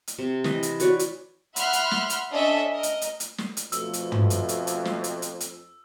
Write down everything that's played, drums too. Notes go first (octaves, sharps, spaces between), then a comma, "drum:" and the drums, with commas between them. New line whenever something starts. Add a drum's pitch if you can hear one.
drum: hi-hat
C3
E3 D#5, drum: snare
drum: hi-hat
F#4 B4 C#5 D5, drum: hi-hat
drum: hi-hat
E5 F#5 B5 C6 F6 F#6, drum: hi-hat
drum: hi-hat
drum: snare
drum: hi-hat
C#4 D4 A4 D#5 E5
A#4 D#5
drum: hi-hat
drum: hi-hat
drum: hi-hat
drum: snare
drum: hi-hat
F2 B2 F3 A3 E6, drum: hi-hat
drum: hi-hat
drum: tom
drum: hi-hat
drum: hi-hat
drum: hi-hat
drum: snare
drum: hi-hat
drum: hi-hat
drum: hi-hat